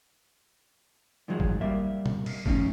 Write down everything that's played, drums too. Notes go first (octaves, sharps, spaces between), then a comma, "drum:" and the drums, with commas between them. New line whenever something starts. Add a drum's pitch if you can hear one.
G2 D#3 F3 F#3 G#3
drum: kick
G3 A#3 E5
drum: tom B2
drum: cymbal
F3 A3 C#4 D#4, drum: kick